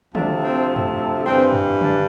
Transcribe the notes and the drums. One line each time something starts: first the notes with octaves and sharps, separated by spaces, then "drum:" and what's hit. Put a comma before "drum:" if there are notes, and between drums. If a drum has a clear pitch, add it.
D2 C3 F3 A3 D4, drum: tom
C4
drum: tom
G2 E3 G3 C4
drum: tom
D4, drum: tom C3